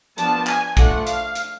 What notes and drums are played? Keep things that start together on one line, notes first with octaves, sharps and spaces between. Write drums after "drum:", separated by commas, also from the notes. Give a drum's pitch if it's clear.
F3 B3 D4 A5, drum: hi-hat
G#5, drum: clap
F3 A3 D4 F#5, drum: kick, hi-hat
F5, drum: hi-hat
drum: hi-hat